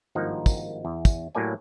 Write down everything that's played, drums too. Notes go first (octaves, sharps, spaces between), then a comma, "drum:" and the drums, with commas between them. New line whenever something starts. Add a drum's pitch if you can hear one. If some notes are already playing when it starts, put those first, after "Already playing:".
G#1 G2 F3 A#3 D#4 F#5
drum: kick, tambourine
E2
drum: kick, tambourine
A2 F#3 A#3 G4 D5 G#5